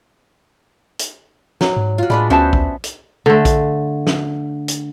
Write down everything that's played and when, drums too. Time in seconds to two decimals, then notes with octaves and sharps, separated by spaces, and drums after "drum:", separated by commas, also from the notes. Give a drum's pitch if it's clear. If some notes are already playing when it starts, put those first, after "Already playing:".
0.99 drum: hi-hat
1.61 F#3, drum: snare
1.77 G#2
1.98 F4 F#4
2.10 A2 G#3 D4 B4 B5
2.30 D2 B3 C#4 F#4 C5 E5 A5
2.53 drum: kick A#1
2.84 drum: hi-hat
3.26 D3 A3
3.45 drum: kick A#1, hi-hat
4.07 drum: snare
4.68 drum: hi-hat